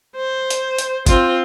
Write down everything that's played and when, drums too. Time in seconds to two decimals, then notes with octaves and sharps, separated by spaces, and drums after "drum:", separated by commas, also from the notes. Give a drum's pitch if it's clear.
0.16 C5
0.50 drum: hi-hat
0.78 drum: hi-hat
1.06 C4 F4, drum: kick, hi-hat